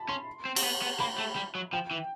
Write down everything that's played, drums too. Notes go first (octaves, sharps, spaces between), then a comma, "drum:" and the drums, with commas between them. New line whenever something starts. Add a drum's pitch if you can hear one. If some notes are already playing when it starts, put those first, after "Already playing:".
Already playing: A5 B5
C#4 C6
C4
C4, drum: cymbal
B3
B3
A#3 B5
A3
G3
F#3
F3 G5
E3